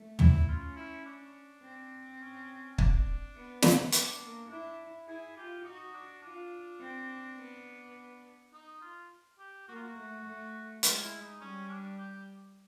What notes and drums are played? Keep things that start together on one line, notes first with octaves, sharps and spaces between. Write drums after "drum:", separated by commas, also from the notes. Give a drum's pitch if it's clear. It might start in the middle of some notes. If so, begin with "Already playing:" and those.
Already playing: A3
E4, drum: tom
C#4 F4
E4
D4
C4
C#4
D4, drum: kick
B3
drum: snare
B3 D4, drum: hi-hat
A#3
D4 E4
E4 G#4
F4 G4
D#4 F#4
D4
D4 F4
C4
B3
D#4
F4
G4
A#3 F#4
F4
F#4
A3
A3
G#3 F4, drum: hi-hat
E4
D#4
G3 C#4
D4
G4